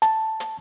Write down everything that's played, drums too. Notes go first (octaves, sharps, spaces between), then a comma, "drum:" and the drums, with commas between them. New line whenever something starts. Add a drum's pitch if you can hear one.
A5, drum: hi-hat
drum: hi-hat